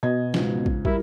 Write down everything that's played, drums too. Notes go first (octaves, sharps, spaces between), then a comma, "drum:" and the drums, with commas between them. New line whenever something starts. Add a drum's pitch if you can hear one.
B2 D#5 G#6
C#2 G#2, drum: snare
drum: kick
G3 E4 A#4, drum: kick